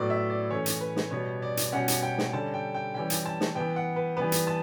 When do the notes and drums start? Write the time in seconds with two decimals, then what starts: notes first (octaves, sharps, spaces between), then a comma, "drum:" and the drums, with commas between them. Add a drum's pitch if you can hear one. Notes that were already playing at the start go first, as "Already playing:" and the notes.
Already playing: A2 F#3 B3 D5
0.10 E5
0.30 D5
0.50 E3 A3 C#4 C#5
0.66 drum: hi-hat
0.81 B4
0.96 drum: snare
1.11 B2 G3 B3 C#5
1.42 D5
1.57 drum: hi-hat
1.72 B2 G3 C#4 F#5
1.88 drum: hi-hat
2.03 G5
2.18 drum: snare
2.33 D3 G3 C#4 A5
2.54 G5
2.75 G5
2.94 E3 G3 C#4 G5
3.10 drum: hi-hat
3.26 A5
3.40 drum: snare
3.55 E3 B3 G5
3.76 F#5
3.96 B4
4.17 E3 G3 B3 B4
4.32 drum: hi-hat
4.47 A5